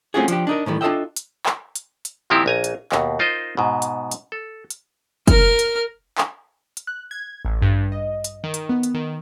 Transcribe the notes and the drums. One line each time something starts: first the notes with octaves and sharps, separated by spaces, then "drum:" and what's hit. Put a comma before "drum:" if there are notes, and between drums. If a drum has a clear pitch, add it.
A3 C4 C#4 F4 F#4 G#4
F3 D4 G4, drum: hi-hat
D4 D#4 A#4
A2 D#3 E3 G3
D4 F4 A4 D#5 E5 G5
drum: hi-hat
drum: clap
drum: hi-hat
drum: hi-hat
A#2 D#3 F3 C4 E4 G4
A#1 G#5 A#5
drum: hi-hat
D#2 B2, drum: clap
D#4 F4 A#4 C5 D#5
G#2 B2
drum: hi-hat
drum: hi-hat
A4
drum: hi-hat
A#4 F6, drum: kick, hi-hat
drum: hi-hat
drum: clap
drum: hi-hat
F#6
G#6
A1
G2
D#5
drum: hi-hat
D#3
drum: hi-hat
B3
drum: hi-hat
D#3